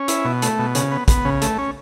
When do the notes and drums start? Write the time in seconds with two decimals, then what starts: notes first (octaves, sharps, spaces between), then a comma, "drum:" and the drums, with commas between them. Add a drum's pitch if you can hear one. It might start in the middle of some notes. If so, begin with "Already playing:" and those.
Already playing: C#4
0.08 E4, drum: hi-hat
0.25 B2
0.42 A3, drum: hi-hat
0.59 B2
0.75 C#3, drum: hi-hat
0.91 B3
1.08 B3, drum: kick, hi-hat
1.25 C#3
1.42 A3, drum: hi-hat
1.58 C#4